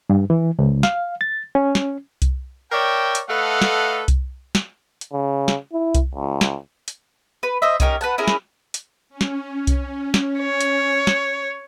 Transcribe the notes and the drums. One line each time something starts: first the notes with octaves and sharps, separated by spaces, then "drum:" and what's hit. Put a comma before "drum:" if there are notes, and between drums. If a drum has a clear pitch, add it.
G2
E3
C#2
F5, drum: snare
A6
C#4
drum: snare
drum: kick C2, hi-hat
A#4 C#5 D5 E5 G5
drum: hi-hat
A3 A4 B4 D#5 F5 F#5
drum: snare
drum: kick C2, hi-hat
drum: snare
drum: hi-hat
C#3
drum: snare
E4
drum: kick C2, hi-hat
C#2
drum: snare
drum: hi-hat
B4
C5 D#5 E5
C#4 D#4 G4 A#4, drum: kick C2, hi-hat
B4 F#5 A5
C#4 E4 G#4 A#4
drum: snare
drum: hi-hat
C#4
drum: snare
drum: kick C2, hi-hat
drum: snare
C#5
drum: hi-hat
drum: snare